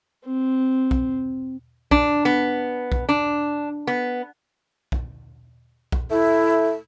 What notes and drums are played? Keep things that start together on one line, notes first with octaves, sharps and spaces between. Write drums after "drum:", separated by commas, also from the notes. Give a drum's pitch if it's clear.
C4
drum: kick B1
D4, drum: kick B1
B3
drum: kick B1
D4
B3
drum: kick B1
drum: kick B1
A3 E4